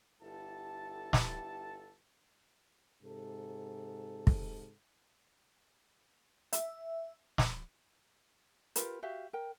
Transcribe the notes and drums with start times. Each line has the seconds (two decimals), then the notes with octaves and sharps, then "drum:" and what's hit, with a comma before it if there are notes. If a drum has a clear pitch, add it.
0.22 G1 E4 G4 A4 A5
1.13 drum: snare
3.02 G#2 C3 A4
4.27 drum: kick
6.53 E5, drum: hi-hat
7.38 drum: snare
8.76 F4 G4 A#4 B4, drum: hi-hat
9.02 F#4 G4 E5 F5
9.33 A#4 G5